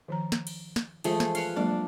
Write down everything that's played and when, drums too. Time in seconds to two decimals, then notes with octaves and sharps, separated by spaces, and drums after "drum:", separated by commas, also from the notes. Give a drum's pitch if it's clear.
0.08 D#3 F3 A#5
0.32 drum: snare
0.47 drum: cymbal
0.76 drum: snare
1.04 E3 F3 G#3 A3 G#4 G#5, drum: cymbal
1.20 drum: snare
1.35 B4 C#5 F5, drum: cymbal
1.56 F#3 G#3 A#3 D4